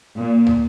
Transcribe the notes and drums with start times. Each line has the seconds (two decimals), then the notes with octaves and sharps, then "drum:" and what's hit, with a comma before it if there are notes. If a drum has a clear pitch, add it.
0.17 A#2
0.46 drum: tom